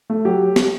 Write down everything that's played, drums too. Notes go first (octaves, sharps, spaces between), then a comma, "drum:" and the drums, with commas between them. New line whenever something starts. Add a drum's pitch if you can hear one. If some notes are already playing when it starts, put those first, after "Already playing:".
A3
F#3 G4
drum: snare